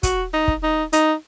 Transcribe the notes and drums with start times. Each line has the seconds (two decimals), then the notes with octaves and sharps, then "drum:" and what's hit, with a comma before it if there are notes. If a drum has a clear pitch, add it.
0.03 F#4, drum: kick, hi-hat
0.33 D#4
0.48 drum: kick
0.63 D#4
0.93 D#4, drum: hi-hat